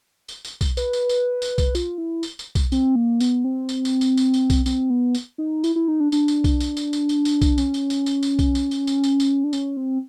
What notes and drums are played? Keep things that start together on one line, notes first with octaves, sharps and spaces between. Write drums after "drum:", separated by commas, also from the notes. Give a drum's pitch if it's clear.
drum: tambourine
drum: tambourine
drum: kick B1, tambourine
B4, drum: tambourine
drum: tambourine
drum: tambourine
drum: tambourine
drum: kick B1, tambourine
F4, drum: tambourine
E4
drum: tambourine
drum: tambourine
drum: kick B1, tambourine
C4, drum: tambourine
A#3
B3, drum: tambourine
C4
drum: tambourine
drum: tambourine
drum: tambourine
drum: tambourine
drum: tambourine
drum: kick B1, tambourine
C4, drum: tambourine
B3
drum: tambourine
D#4
E4, drum: tambourine
E4
D#4
D4
D4, drum: tambourine
drum: tambourine
drum: kick B1, tambourine
drum: tambourine
drum: tambourine
drum: tambourine
drum: tambourine
drum: tambourine
drum: kick B1, tambourine
C#4, drum: tambourine
drum: tambourine
drum: tambourine
drum: tambourine
drum: tambourine
drum: kick B1, tambourine
drum: tambourine
drum: tambourine
drum: tambourine
drum: tambourine
drum: tambourine
D4
C#4, drum: tambourine
C4